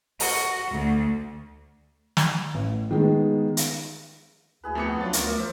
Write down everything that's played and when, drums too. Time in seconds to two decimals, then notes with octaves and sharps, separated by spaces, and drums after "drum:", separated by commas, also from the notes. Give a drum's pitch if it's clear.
0.20 F#4, drum: open hi-hat
0.71 D2
2.17 drum: snare
2.54 A1
2.91 D#3 G#3 B3
3.57 drum: hi-hat
4.63 D2 E4 G#4 B4
4.75 F2 B3 A5 D6 C#7
4.88 F#4 D#6
5.01 F#3 D4 F4 A6
5.13 D2 F4 A#4 C#5 D5, drum: hi-hat
5.38 F3 C5 E5